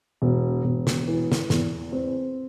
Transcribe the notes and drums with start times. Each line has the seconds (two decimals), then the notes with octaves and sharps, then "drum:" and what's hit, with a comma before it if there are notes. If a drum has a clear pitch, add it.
0.22 E1
0.64 E1
0.87 drum: snare
1.07 E3
1.32 drum: snare
1.50 E2, drum: snare
1.92 C4